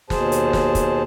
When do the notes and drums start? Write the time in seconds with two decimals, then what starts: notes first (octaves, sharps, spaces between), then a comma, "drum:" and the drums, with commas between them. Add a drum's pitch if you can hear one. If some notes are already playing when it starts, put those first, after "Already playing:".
0.10 D#2 B2 G#4 C5 A5, drum: snare
0.32 drum: hi-hat
0.53 drum: snare
0.75 drum: kick, hi-hat